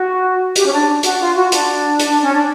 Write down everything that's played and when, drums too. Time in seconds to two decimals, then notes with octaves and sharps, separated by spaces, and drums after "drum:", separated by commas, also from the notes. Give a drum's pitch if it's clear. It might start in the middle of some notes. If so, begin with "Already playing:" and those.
Already playing: F#4
0.56 G4, drum: hi-hat
0.65 C#4
0.72 D4
1.03 F#4, drum: hi-hat
1.20 F4
1.35 F#4
1.52 D4, drum: hi-hat
1.99 drum: hi-hat
2.21 C#4
2.33 D4